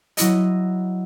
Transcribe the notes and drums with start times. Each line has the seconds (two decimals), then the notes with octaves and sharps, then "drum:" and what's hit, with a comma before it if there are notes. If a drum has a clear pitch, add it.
0.17 F#3 E4 D#5, drum: hi-hat